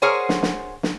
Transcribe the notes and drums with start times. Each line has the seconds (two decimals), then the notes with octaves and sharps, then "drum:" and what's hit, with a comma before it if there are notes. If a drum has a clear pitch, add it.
0.02 G#4 A#4 C5 C#5 F#5 G#5
0.29 drum: snare
0.43 drum: snare
0.83 drum: snare